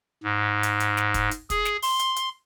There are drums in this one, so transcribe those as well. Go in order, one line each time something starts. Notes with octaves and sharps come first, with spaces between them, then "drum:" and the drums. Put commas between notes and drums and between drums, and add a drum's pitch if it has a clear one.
G#2
drum: hi-hat
drum: hi-hat
drum: snare
drum: kick, hi-hat
drum: hi-hat
G#4, drum: kick, hi-hat
drum: snare
C6, drum: open hi-hat
drum: hi-hat
drum: hi-hat